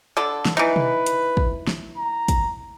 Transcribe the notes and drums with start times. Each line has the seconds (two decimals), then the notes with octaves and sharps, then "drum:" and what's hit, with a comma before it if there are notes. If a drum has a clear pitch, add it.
0.17 D3 A4
0.45 drum: snare
0.57 E3 D#4 B4
0.76 drum: tom B2
1.06 drum: hi-hat
1.37 drum: kick
1.67 drum: snare
1.98 A#5
2.28 drum: kick, hi-hat